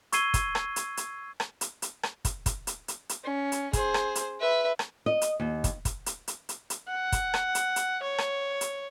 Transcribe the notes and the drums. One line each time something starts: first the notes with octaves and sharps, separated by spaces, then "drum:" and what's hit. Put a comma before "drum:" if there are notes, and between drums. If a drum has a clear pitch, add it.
C#6 E6 G#6 C7 D#7 G7, drum: hi-hat
drum: kick, hi-hat
drum: rim click
drum: hi-hat
drum: hi-hat
drum: rim click
drum: hi-hat
drum: hi-hat
drum: rim click
drum: kick, hi-hat
drum: kick, hi-hat
drum: hi-hat
drum: hi-hat
drum: hi-hat
C#4
drum: hi-hat
G#4 C5, drum: kick, hi-hat
drum: rim click
drum: hi-hat
B4 E5
drum: rim click
D#5
drum: hi-hat
D#2
drum: kick, hi-hat
drum: kick, hi-hat
drum: hi-hat
drum: hi-hat
drum: hi-hat
drum: hi-hat
F#5
drum: kick, hi-hat
drum: rim click
drum: hi-hat
drum: hi-hat
C#5
drum: rim click
drum: hi-hat